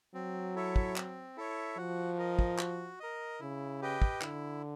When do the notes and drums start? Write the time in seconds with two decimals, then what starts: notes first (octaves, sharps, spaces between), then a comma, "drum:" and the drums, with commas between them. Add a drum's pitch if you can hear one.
0.14 F#3 C4
0.55 E4 A4 C#5 E5
0.76 drum: kick
0.96 C4, drum: clap
1.37 E4 A4 C#5 E5
1.77 F3 F#4
2.18 A#4 D#5
2.39 drum: kick
2.59 F#4, drum: clap
3.00 A#4 D#5
3.40 C#3 E4
3.82 G4 B4 D#5 G5
4.02 drum: kick
4.22 D3 E4, drum: clap